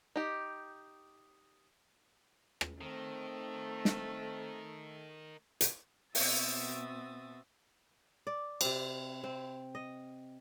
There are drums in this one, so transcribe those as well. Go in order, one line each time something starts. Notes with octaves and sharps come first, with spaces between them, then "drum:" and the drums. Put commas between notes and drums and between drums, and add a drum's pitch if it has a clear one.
D#4 G4
drum: rim click
D#3 A3 C4
drum: snare
drum: hi-hat
B2 C4 F#4 E5 D#6 A6, drum: open hi-hat
D5
C3 C4, drum: cymbal
C4
D#5